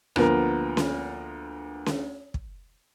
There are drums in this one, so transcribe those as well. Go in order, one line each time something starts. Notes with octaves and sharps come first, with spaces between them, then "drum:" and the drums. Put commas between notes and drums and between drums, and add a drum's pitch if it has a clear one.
D2 F3 A#3 B3 A#4, drum: rim click
drum: snare C#4
drum: snare C#4
drum: kick